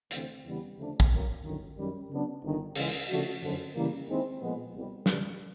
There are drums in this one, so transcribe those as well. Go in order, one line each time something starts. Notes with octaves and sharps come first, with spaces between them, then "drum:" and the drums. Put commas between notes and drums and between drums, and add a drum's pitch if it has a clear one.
D2 C3 E3 A3 C4, drum: hi-hat
E2 C#3 E3 G3 B3
D2 C#3 F3 A3 D4
drum: kick
A1 A2 F#3 A#3
G1 F#2 D#3
F#2 D#3 G3
C#3 F#3 B3 D4
G1 G2 D#3
C#2 C#3 E3 G#3, drum: open hi-hat
C#3 F3 A3 D4 F#4
F#1 F2 D3
C#3 E3 G3 A#3
D#2 D#3 G#3 C4 E4
A#2 F3 G#3 B3
C2 B2 G3
E2 C#3 E3 G3, drum: snare